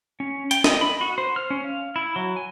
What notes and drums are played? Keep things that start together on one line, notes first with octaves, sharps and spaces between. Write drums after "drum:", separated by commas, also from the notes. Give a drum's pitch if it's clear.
C#4
G5, drum: hi-hat
D#5, drum: snare
B5
F#4
C5
F6
C#4
F5
E4
F#3
G#5